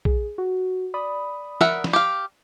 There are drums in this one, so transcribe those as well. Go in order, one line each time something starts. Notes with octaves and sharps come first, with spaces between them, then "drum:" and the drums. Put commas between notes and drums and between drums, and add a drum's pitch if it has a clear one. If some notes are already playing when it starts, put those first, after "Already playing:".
G#4, drum: kick A#1
F#4
D5 B5 D#6
A#4 E5 F#5, drum: snare
drum: snare
G4 F5